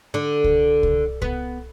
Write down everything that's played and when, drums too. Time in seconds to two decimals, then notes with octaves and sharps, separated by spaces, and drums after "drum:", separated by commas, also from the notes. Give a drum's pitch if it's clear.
0.14 D3
0.44 drum: kick C2
0.83 drum: kick C2
1.22 B3, drum: kick C2